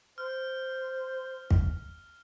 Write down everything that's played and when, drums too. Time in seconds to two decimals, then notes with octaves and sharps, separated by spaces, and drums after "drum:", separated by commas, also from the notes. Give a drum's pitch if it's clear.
0.18 C5 F6
1.50 drum: kick